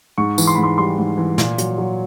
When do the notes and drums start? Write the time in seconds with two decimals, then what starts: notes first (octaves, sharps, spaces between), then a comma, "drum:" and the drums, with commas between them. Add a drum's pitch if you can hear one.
0.18 G#2 C#6
0.38 E3, drum: tambourine
0.47 C6
0.55 B5
0.58 G#2
0.64 C6
0.78 G3 C6
0.98 G#2
1.18 E3
1.38 A#2, drum: snare
1.58 F#3, drum: hi-hat
1.78 F#3